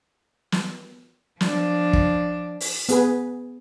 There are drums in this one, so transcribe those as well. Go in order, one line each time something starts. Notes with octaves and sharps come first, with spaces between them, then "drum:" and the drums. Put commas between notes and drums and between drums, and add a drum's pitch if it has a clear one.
drum: snare
F3 D4, drum: snare
drum: kick
drum: open hi-hat
B3 G#4 B4, drum: hi-hat